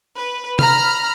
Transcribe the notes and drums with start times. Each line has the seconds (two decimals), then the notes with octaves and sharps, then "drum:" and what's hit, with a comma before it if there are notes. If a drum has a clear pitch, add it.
0.17 B4
0.59 A#5 B5 F6, drum: tom C3